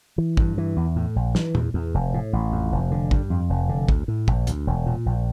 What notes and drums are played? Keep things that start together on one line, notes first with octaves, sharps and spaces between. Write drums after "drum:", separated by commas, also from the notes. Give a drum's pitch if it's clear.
E3
G2, drum: kick
E3
E2
A2
A#1
E3, drum: snare
E2, drum: tom A#2
E2
F1
A2
A1
F2
F1
D3
G2, drum: kick
F2
F1
D3
D2, drum: kick
A2
A#1, drum: kick
D2, drum: hi-hat
E1
A#2
A#1